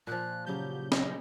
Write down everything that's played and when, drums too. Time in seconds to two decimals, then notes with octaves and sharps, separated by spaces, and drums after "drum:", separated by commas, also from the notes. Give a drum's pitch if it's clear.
0.07 A#2 F3 F#6
0.46 C#3 F#3 G4 G6
0.92 D#5, drum: snare